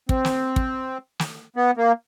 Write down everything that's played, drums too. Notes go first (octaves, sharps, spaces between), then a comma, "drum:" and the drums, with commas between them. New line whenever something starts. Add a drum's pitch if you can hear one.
C4, drum: kick
drum: snare
drum: kick
drum: snare
B3
A#3